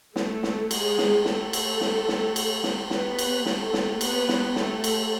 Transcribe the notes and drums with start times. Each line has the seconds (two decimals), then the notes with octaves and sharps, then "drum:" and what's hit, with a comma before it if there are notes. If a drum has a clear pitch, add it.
0.16 A3 A4, drum: snare
0.43 drum: snare
0.71 G#3 G#4, drum: cymbal
0.98 drum: snare
1.25 A3 A4, drum: snare
1.53 drum: cymbal
1.81 drum: snare
2.08 drum: snare
2.36 drum: cymbal
2.63 drum: snare
2.90 B3 B4, drum: snare
3.19 drum: cymbal
3.46 A3 A4, drum: snare
3.74 drum: snare
4.01 B3 B4, drum: cymbal
4.29 drum: snare
4.56 A3 A4, drum: snare
4.84 drum: cymbal